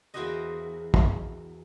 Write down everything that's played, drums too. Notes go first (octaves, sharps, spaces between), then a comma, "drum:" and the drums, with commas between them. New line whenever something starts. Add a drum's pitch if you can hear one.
E2 A#3 E4 F#4 C5 D#5
drum: kick